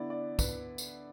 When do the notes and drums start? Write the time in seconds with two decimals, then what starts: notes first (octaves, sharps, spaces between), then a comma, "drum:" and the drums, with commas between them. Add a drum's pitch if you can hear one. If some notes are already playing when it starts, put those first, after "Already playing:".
Already playing: D3 B3 E4 D5
0.10 D5
0.39 B4, drum: kick, tambourine
0.78 drum: tambourine